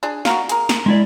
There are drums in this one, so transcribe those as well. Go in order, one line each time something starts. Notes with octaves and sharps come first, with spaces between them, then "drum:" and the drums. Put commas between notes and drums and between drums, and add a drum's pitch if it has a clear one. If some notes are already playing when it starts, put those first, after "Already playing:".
D4 G#4
F#4 A#4 F5, drum: snare
G#4 A#4, drum: hi-hat
drum: snare
G#3 E4 D5